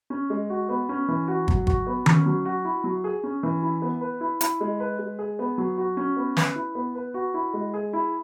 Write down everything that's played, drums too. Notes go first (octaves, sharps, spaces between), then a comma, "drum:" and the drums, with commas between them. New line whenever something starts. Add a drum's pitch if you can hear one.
C#4
G#3
F#4
B3
C#4
E3
F#4
F#3, drum: kick
F#4, drum: kick
B3
C#4, drum: tom D#3
F#3
F#4
E4
F#3
G#4
C#4
E3
E4
B3
B4
E4
E4, drum: hi-hat
G#3
B4
G#3
G#4
B3
F#3
F#4
C#4
B3
B4, drum: snare
E4
B3
B4
F#4
E4
G#3
G#4
E4